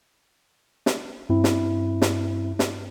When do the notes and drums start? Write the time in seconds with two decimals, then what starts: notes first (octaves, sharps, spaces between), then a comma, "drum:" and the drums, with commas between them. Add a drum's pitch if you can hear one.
0.86 drum: snare
1.29 G2 C4 E4
1.44 drum: snare
2.02 drum: snare
2.59 drum: snare